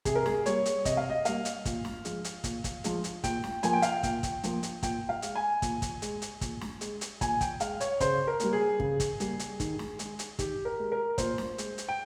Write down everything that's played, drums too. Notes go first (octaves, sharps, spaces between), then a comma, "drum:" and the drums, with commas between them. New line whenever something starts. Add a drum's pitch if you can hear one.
C3 G#4, drum: kick, hi-hat
A#4
G#4, drum: snare
G3 A#3 C#5, drum: hi-hat
drum: hi-hat
C3 D#5, drum: kick, hi-hat
F5
D#5
G3 A#3 F5, drum: hi-hat
drum: hi-hat
A#2, drum: kick, hi-hat
drum: snare
F3 G#3, drum: hi-hat
drum: hi-hat
A#2, drum: kick, hi-hat
drum: kick, hi-hat
F3 G#3, drum: hi-hat
drum: hi-hat
A#2 G5, drum: kick, hi-hat
drum: snare
F3 A#3 G#5, drum: hi-hat
G5
F5, drum: hi-hat
G5
A#2 G5, drum: kick, hi-hat
drum: kick, hi-hat
F3 A#3, drum: hi-hat
drum: hi-hat
A#2 G5, drum: kick, hi-hat
F5
G#3, drum: hi-hat
G#5
A#2, drum: kick, hi-hat
drum: kick, hi-hat
G#3, drum: hi-hat
drum: hi-hat
A#2, drum: kick, hi-hat
drum: snare
G#3, drum: hi-hat
drum: hi-hat
A#2 G#5, drum: kick, hi-hat
G5, drum: kick, hi-hat
G#3 F5, drum: hi-hat
C#5, drum: hi-hat
C#3 C5, drum: kick, hi-hat
A#4
G3 A#3, drum: hi-hat
G#4
C#3, drum: kick
drum: kick, hi-hat
G3 A#3, drum: hi-hat
drum: hi-hat
D#3, drum: kick, hi-hat
drum: snare
G#3, drum: hi-hat
drum: hi-hat
D#3 G4, drum: kick, hi-hat
A#4
G#3
A#4
A#2 C5, drum: kick, hi-hat
drum: snare
G#3, drum: hi-hat
drum: hi-hat
G5